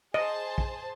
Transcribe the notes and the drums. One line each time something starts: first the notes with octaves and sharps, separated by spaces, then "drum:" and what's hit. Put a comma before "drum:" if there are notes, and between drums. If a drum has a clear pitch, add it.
G#4 C5 D#5 A5
drum: kick